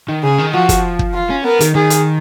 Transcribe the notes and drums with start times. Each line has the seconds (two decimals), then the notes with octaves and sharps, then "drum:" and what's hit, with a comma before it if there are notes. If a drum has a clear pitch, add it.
0.09 D#3
0.23 C#3 G#4
0.39 D#3
0.54 F3 F#4
0.69 drum: kick, hi-hat
0.99 drum: kick
1.14 F4
1.30 C#4
1.44 B3 A#4
1.61 D#3, drum: hi-hat
1.75 D#3 G#4
1.90 drum: hi-hat